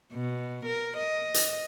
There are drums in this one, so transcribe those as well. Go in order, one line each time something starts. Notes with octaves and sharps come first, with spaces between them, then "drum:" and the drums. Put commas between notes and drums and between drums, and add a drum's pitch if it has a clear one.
B2
A#4
D#5
drum: hi-hat